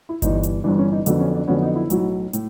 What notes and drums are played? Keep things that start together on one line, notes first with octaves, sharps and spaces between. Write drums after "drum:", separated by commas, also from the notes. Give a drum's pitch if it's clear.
E4
G1 G2 E3 D#4, drum: kick G1, hi-hat
drum: hi-hat
G1 G2 E3 D4
C#4
D#4
F2 D3 F#3 B3 D4, drum: hi-hat
C#4
D4
F2 D3 F#3 B3 C#4
D#4
E4
B1 A2 F#3, drum: hi-hat
A2, drum: hi-hat